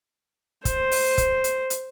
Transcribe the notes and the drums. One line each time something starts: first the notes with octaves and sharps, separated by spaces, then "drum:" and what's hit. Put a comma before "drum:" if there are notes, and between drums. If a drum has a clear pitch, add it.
C5, drum: kick, hi-hat
drum: open hi-hat
drum: kick, hi-hat
drum: hi-hat
drum: hi-hat